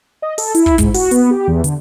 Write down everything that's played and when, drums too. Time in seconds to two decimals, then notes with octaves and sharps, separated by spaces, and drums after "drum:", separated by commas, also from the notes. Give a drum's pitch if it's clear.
0.22 D#5
0.38 A4, drum: open hi-hat
0.55 E4, drum: hi-hat
0.66 drum: kick
0.78 G#2, drum: kick, hi-hat
0.94 F#4, drum: open hi-hat
1.11 B3, drum: hi-hat
1.31 G4
1.47 E2
1.64 D3, drum: hi-hat